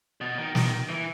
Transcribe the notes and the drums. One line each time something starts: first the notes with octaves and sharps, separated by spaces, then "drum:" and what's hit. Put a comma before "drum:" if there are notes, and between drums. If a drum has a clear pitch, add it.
B2
D#3
D#3, drum: snare
E3